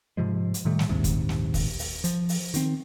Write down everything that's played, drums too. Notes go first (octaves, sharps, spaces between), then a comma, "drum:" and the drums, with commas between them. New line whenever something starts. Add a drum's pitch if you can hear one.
G#2 C3 F3 G#3
drum: hi-hat
A2 D#3 G3 A3
drum: snare
A#1 D#2 G#2 C3
drum: kick, hi-hat
drum: snare
drum: kick, open hi-hat
drum: open hi-hat
F3, drum: hi-hat
drum: open hi-hat
D#3 C4, drum: hi-hat